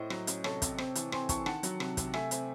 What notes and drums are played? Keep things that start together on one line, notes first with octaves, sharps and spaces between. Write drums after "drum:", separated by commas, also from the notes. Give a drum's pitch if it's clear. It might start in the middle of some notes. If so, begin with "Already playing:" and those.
Already playing: A2 C5 D#5
F#3, drum: rim click
C#4, drum: hi-hat
C3 A4 C#5, drum: rim click
C3, drum: kick, hi-hat
C4, drum: rim click
E3, drum: hi-hat
C4 G#5 C6, drum: rim click
E3 A5 C#6, drum: kick, hi-hat
D#3 F#5 A5, drum: rim click
F#3, drum: hi-hat
C3, drum: rim click
C3, drum: kick, hi-hat
A3 E5 G#5, drum: rim click
C4, drum: hi-hat